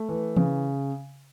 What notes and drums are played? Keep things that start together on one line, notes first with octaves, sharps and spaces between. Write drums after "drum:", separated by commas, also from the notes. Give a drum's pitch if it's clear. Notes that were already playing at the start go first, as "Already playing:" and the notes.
Already playing: A3
E3
C#3, drum: tom E3